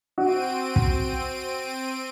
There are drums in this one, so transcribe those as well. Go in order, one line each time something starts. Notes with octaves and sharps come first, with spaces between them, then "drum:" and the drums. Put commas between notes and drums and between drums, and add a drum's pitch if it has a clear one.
C4 F#4 D7 D#7
drum: kick